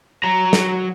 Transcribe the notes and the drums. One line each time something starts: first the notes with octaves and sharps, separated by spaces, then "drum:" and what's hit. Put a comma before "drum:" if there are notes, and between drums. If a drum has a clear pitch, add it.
F#3 A#5
drum: snare